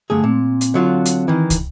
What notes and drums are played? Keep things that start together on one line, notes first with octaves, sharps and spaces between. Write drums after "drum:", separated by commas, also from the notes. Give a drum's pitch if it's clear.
G2 D3 A3 G#4
A#2 C4
drum: hi-hat
D3 F#3 F4
drum: hi-hat
D#3 E3
drum: kick, hi-hat